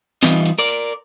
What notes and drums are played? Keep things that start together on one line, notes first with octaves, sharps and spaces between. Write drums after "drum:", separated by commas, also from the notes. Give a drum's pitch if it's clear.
E3 G3 B3 D#4 F4 D#5, drum: snare
drum: hi-hat
A#4 D5
drum: hi-hat